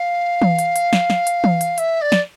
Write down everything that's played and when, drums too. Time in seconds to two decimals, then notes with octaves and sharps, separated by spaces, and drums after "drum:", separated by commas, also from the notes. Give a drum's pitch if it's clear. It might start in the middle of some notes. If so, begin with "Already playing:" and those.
Already playing: F5
0.42 drum: tom E3
0.59 drum: hi-hat
0.76 drum: hi-hat
0.93 drum: snare
1.10 drum: snare
1.27 drum: hi-hat
1.44 drum: tom E3
1.61 drum: hi-hat
1.78 E5, drum: hi-hat
2.01 D5
2.12 drum: snare